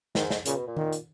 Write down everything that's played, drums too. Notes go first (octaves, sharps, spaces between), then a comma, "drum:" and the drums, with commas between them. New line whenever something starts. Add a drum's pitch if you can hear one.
G#2 D#3, drum: snare
drum: snare
A#2 C#3, drum: hi-hat
B2
A#2
D#3, drum: tom D#3
drum: hi-hat